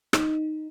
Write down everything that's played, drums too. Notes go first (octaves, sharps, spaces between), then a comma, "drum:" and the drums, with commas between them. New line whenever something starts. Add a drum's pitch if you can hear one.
D#4, drum: rim click